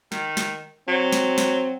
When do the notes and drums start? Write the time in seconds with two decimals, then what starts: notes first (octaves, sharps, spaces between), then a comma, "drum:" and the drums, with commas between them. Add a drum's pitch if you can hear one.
0.12 D#3, drum: snare
0.37 drum: snare
0.88 F#3 C4
1.13 drum: snare
1.38 drum: snare